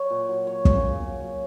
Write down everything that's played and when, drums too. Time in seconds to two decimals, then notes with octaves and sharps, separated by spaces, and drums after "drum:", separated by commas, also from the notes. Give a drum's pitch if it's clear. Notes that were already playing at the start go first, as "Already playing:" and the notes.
Already playing: F#3 C#5
0.10 A#2
0.29 F#3
0.47 F#3 C#5
0.65 C#3, drum: kick
0.85 C#3
1.03 F#3
1.21 F#3